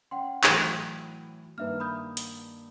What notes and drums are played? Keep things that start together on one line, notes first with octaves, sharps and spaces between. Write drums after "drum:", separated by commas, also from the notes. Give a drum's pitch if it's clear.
C#4 F#5 G5 C6
A2 E3 F#3, drum: clap
G2 D#3 A#3 B4 E5 F6
B5 D#6 G6
drum: hi-hat